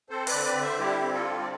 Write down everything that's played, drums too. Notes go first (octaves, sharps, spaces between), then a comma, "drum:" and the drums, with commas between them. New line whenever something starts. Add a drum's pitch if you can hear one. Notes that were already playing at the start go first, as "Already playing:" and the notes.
C4 A4 C5
B4 D5, drum: open hi-hat
D3
B4 D5
D3
C5 E5
G3 E4 G4
C4
F4 A4
D3
D5